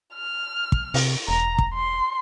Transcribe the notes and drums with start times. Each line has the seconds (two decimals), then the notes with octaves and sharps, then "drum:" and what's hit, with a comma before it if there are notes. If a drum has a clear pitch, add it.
0.15 F6
0.72 drum: kick
0.94 C3, drum: open hi-hat
1.28 E1 A#5
1.58 drum: kick
1.74 C6